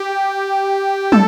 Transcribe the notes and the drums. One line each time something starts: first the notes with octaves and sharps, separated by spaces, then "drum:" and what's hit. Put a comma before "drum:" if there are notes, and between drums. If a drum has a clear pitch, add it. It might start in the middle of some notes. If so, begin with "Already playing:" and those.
Already playing: G4
A4, drum: tom